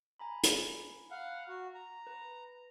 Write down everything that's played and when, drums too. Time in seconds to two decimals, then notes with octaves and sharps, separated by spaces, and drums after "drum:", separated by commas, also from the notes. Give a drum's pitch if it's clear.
0.19 G#5 A#5 B5
0.44 drum: hi-hat
1.11 F5 F#5
1.48 F#4
1.75 A#5
2.07 B4